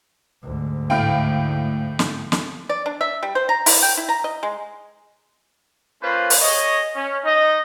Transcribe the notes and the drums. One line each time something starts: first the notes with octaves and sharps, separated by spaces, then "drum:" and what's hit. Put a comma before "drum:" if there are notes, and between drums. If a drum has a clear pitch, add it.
D2 G#2
A2 F5 G5
drum: snare
drum: snare
D5
D4
E5
G3
C5
A#5
E4, drum: open hi-hat
G5
E4
A#5
D#5
G#3
A#3 C#4 F4 B4 C5
drum: open hi-hat
G#4 C#5 D#5
C#4
D#4 D#5